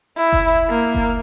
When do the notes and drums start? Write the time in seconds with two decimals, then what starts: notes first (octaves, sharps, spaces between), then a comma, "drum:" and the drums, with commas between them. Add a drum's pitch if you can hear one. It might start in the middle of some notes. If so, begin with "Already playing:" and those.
0.17 E4
0.33 drum: kick F#1
0.70 A#3
0.95 drum: kick F#1